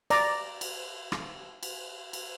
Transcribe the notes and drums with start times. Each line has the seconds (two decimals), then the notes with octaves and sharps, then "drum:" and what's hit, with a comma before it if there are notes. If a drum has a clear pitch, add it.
0.10 D5 A#5, drum: cymbal
0.61 drum: cymbal
1.12 drum: rim click
1.63 drum: cymbal
2.13 drum: cymbal